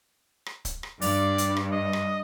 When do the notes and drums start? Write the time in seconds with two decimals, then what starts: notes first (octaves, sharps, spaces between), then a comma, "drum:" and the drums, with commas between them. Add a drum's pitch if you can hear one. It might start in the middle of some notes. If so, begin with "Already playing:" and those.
0.46 drum: rim click
0.65 drum: kick C#1, hi-hat
0.83 drum: rim click
1.01 G2 D5, drum: open hi-hat
1.38 drum: hi-hat
1.57 drum: rim click
1.72 D#5
1.93 drum: rim click